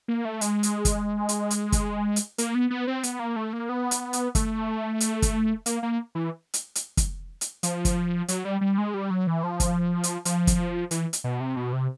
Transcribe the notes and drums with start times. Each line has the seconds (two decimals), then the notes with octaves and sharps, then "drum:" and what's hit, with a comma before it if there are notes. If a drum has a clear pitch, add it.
0.08 A#3
0.25 A3
0.41 G#3, drum: hi-hat
0.63 drum: hi-hat
0.85 drum: kick, hi-hat
1.29 drum: hi-hat
1.51 drum: hi-hat
1.72 drum: kick, hi-hat
2.16 drum: hi-hat
2.38 A#3, drum: hi-hat
2.55 B3
2.70 B3
2.87 C4
3.03 B3, drum: hi-hat
3.19 A#3
3.36 A3
3.53 A#3
3.69 B3
3.91 drum: hi-hat
4.13 drum: hi-hat
4.35 A3, drum: kick, hi-hat
5.00 drum: hi-hat
5.22 drum: kick, hi-hat
5.66 A#3, drum: hi-hat
5.83 A#3
6.15 E3
6.54 drum: hi-hat
6.75 drum: hi-hat
6.97 drum: kick, hi-hat
7.41 drum: hi-hat
7.63 F3, drum: hi-hat
7.85 drum: kick, hi-hat
8.28 F#3, drum: hi-hat
8.45 G3
8.61 G3
8.78 G#3
8.94 G3
9.10 F#3
9.27 E3
9.43 F3
9.60 drum: kick, hi-hat
10.04 drum: hi-hat
10.25 F3, drum: hi-hat
10.47 drum: kick, hi-hat
10.91 E3, drum: hi-hat
11.13 drum: hi-hat
11.24 B2
11.40 C3
11.56 B2
11.73 C3